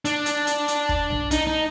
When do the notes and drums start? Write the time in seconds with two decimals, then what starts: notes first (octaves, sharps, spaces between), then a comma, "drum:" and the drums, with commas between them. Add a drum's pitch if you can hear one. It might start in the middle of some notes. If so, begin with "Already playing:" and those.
0.05 D4, drum: hi-hat
0.26 drum: hi-hat
0.47 drum: hi-hat
0.68 drum: hi-hat
0.89 drum: kick
1.10 drum: tom B1
1.31 D#4, drum: hi-hat
1.47 D#4